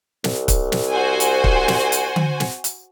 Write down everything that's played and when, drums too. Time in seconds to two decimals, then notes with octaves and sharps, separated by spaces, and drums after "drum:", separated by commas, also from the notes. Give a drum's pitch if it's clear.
0.24 C2, drum: snare
0.48 drum: kick, hi-hat
0.72 drum: snare
0.91 F#4 C5 G#5
1.20 drum: hi-hat
1.44 drum: kick
1.68 drum: snare
1.92 drum: hi-hat
2.16 drum: tom D3
2.40 drum: snare
2.64 drum: hi-hat